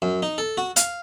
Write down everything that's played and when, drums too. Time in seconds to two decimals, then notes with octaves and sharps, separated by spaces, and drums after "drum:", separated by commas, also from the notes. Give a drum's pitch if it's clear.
0.02 F#2
0.23 D#4
0.38 A4
0.58 F#4
0.76 F5, drum: hi-hat